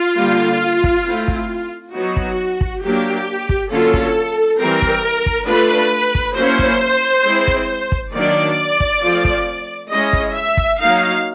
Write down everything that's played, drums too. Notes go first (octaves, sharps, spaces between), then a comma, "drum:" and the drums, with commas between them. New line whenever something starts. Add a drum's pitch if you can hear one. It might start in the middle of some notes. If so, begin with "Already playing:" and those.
Already playing: F4
D3 G3 A#3
drum: kick
A3 C4 E4
drum: kick
F#3 B3 D#4 F#4
drum: kick
drum: kick
F#3 A#3 D4 G4
drum: kick
D3 F#3 A#3 C#4 F4 A4
drum: kick
E3 G3 C4 A#4
drum: kick
drum: kick
A3 D4 F4 B4
drum: kick
F#3 A#3 C#4 E4 C5
drum: kick
G#3 C4 E4
drum: kick
drum: kick
D#3 F#3 A#3 D4 D5
drum: kick
F3 A3 C4 F4
drum: kick
G#3 C#4 E4 D#5
drum: kick
E5
drum: kick
F#3 A#3 D#4 F5